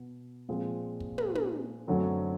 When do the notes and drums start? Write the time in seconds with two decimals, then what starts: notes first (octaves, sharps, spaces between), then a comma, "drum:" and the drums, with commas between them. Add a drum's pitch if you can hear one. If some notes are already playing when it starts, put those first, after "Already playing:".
Already playing: B2 B3
0.49 A#2 F3 G#3 C4
1.00 drum: kick
1.18 drum: tom
1.35 drum: tom
1.87 F#2 D3 F#3 A3 C4